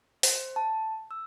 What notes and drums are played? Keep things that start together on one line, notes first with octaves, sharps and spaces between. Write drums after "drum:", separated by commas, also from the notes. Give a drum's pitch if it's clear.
C5, drum: open hi-hat
A5
E6